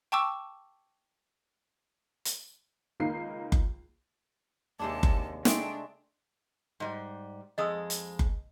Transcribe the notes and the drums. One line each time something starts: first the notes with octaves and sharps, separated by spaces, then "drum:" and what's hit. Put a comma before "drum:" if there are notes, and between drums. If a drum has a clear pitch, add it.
G5 A5 C#6 D6 E6
drum: hi-hat
C#2 D#3 A#3 D#4 C7
drum: kick F#1
D#2 C3 G#3 D4 A5
drum: kick F#1
G#3 A3 C4 D4 G5, drum: snare
G#2 G3
F2 G#3 D#5 D#6 E6
drum: hi-hat
drum: kick F#1